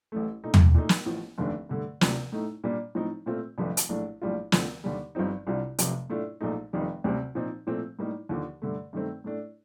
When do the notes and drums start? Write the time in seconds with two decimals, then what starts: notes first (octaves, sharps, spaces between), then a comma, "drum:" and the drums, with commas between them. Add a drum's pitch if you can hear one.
0.12 A1 A2 A3
0.44 A#2 A3 D#4
0.54 drum: tom
0.74 A#2 A3 D#4
0.89 drum: snare
1.06 A1 A2 F3
1.38 F1 D#2 D3 A3 D4
1.69 G2 D3 A3
2.01 D2 C3 F3 A#3 D4, drum: snare
2.32 A2 A3 D#4
2.64 A#2 G3 A#3 D4
2.95 A2 F3 C4 D#4
3.26 A#2 A3 C4 F4
3.58 F1 F2 D3 G3
3.77 drum: hi-hat
3.89 A#1 A2 A3 D4
4.22 A#1 A2 G3 D4 F4
4.52 D2 D3 F3 C4, drum: snare
4.84 D#2 D3 G3
5.15 G1 G2 F3 C4 D#4
5.47 C2 C3 G3 D4 F4
5.79 F1 F2 C3, drum: hi-hat
6.10 A2 A3 D4 F4
6.41 A#1 A#2 F3 A3 D#4
6.73 F1 F2 D#3 G3
7.04 D2 C3 G3 C4
7.35 A#2 F3 C4 D#4
7.67 A#2 F3 A3 C4
7.99 A2 G3 A#3 D#4
8.29 D#2 D3 F3
8.62 G2 D3 A3
8.93 G2 D#3 A3 C4
9.24 A2 A3 D4